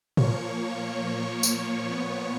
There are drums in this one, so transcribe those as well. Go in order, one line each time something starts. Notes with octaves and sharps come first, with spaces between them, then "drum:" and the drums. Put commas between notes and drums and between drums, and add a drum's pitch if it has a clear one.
A#2 F3 A#3 C#5 C#6, drum: tom A2
drum: tambourine
A#2 F3 B3